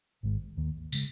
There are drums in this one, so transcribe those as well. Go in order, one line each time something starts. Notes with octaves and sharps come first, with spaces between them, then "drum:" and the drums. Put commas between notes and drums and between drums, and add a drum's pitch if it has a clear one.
G#1 G#2 D#3 G#3
D#2 D#3 A#3
C#3 G#3, drum: tambourine